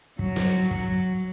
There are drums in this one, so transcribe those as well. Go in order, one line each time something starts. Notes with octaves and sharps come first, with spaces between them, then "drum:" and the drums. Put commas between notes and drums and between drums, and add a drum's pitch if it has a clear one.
F#3, drum: kick
drum: snare
F#3, drum: kick